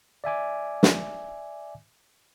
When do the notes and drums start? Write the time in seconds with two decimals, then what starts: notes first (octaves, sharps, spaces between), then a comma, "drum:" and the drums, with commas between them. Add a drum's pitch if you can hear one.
0.24 D5 E5 G#5 D6
0.83 drum: snare